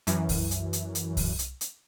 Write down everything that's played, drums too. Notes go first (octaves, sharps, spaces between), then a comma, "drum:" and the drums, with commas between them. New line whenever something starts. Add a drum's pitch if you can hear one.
F#2 E3, drum: hi-hat
drum: kick C2, open hi-hat
drum: hi-hat
drum: hi-hat
drum: hi-hat
drum: kick C2, open hi-hat
drum: hi-hat
drum: hi-hat